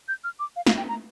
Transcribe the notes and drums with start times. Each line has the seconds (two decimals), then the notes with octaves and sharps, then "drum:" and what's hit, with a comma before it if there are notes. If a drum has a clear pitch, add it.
0.08 G6
0.24 F6
0.39 D6
0.56 F5
0.67 F5, drum: snare
0.77 G5
0.89 A#5